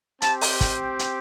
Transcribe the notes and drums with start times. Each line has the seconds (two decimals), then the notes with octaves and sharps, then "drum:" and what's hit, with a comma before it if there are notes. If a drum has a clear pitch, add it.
0.22 C4 G4 A5, drum: hi-hat
0.41 drum: open hi-hat
0.61 drum: kick, hi-hat
0.99 drum: hi-hat